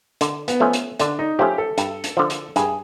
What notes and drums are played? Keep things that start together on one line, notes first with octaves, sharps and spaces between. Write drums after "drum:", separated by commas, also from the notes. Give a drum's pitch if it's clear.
D3, drum: hi-hat
B3, drum: hi-hat
F3 A3 C#4
drum: hi-hat
D3 D4, drum: hi-hat
D#4
F3 A3 C#4 G4
A4
G2, drum: hi-hat
drum: hi-hat
D3 F3
drum: hi-hat
G2 G#4, drum: hi-hat